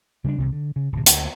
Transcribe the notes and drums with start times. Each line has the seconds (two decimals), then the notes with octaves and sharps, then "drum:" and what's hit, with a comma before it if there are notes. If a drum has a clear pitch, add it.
0.24 C#3 G3 G#3 D4
0.38 C2 C3 D#3
0.53 D3
0.76 C#3
0.92 D1 C3
1.06 D2, drum: hi-hat